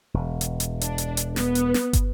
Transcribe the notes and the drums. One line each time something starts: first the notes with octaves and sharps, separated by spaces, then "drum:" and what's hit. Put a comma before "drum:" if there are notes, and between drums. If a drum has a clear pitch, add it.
E1
drum: hi-hat
drum: hi-hat
D4, drum: hi-hat
drum: hi-hat
drum: hi-hat
B3, drum: snare
drum: hi-hat
drum: snare
drum: kick, hi-hat